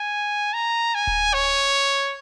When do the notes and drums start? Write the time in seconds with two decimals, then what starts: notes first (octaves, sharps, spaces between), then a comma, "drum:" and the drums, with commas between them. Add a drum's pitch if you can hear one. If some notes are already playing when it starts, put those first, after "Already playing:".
Already playing: G#5
0.53 A#5
0.94 G#5
1.07 drum: kick D1
1.34 C#5